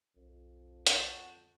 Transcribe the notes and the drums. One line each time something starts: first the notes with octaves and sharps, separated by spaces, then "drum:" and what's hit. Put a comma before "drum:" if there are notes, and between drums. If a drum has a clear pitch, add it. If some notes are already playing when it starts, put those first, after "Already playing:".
B1 F2
F#4 G5 A5, drum: hi-hat